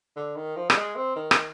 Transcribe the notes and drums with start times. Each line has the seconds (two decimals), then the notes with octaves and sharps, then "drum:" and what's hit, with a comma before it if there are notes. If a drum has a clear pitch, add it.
0.16 D3
0.36 D#3
0.56 F3
0.70 G3, drum: rim click
0.77 G#3
0.96 C4
1.16 D#3
1.31 drum: rim click